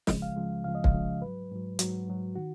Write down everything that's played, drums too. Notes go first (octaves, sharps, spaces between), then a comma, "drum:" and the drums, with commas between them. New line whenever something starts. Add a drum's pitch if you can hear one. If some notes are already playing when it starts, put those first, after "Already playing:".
C#2 C#3 F3 G#3 D#5, drum: snare
F5
C#2 C#3 F3 G#3
C#2 C#3 F3 G#3 F5
D#5
F5, drum: kick
C#2 C#3 F3 G#3
G#2 F#3 B4
G#2 F#3
G#2 F#3 F#4, drum: hi-hat
G#2 F#3
D#3 F#4